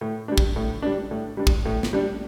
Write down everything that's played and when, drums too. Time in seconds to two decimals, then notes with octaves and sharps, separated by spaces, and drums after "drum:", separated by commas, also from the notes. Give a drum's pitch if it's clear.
0.01 A2
0.28 G3 D4
0.38 drum: kick
0.56 A2
0.82 G3 D4
1.11 A2
1.37 G3 D4
1.47 drum: kick
1.65 A2
1.83 drum: snare
1.93 G3 D4